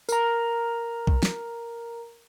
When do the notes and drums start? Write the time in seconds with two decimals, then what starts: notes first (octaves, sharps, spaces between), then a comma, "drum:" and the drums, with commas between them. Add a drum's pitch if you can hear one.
0.09 A#4 A#5, drum: tambourine
1.07 drum: kick B1
1.23 drum: snare